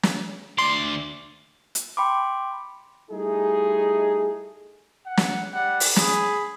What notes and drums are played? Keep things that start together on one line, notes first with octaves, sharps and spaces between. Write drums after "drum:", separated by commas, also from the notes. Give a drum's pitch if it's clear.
drum: snare
D2 D5 C6
drum: hi-hat
G5 B5 C6 D6
G3 A3 D#4 E4 G#4
F#5
drum: snare
G3 F#5
drum: open hi-hat
G#4 B5, drum: snare